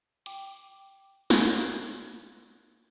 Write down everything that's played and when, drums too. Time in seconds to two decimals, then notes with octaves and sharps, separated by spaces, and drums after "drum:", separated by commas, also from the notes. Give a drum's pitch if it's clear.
0.26 G5 D6, drum: hi-hat
1.30 drum: snare